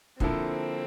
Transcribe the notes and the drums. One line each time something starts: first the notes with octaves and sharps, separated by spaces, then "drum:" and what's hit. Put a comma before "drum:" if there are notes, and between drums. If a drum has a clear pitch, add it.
D3 F3 A#3 C4 E4 A4, drum: kick